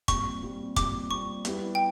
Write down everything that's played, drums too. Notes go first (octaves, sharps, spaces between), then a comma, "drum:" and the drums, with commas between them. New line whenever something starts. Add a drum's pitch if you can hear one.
A#2 G3 C4 C#6, drum: kick, hi-hat
A#2 G3 C4
A#2 G3 C4 D6, drum: kick, hi-hat
A#2 G3 C4 C#6
G3 B3 E4 G4, drum: hi-hat
G5